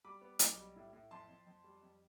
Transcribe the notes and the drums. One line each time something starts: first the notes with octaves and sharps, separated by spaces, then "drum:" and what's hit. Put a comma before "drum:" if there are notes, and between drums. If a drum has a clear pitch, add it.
G3 B5 D6
B3
B1, drum: hi-hat
G3
A2
A2
F2 A5 C6
F2
F2
G3
F2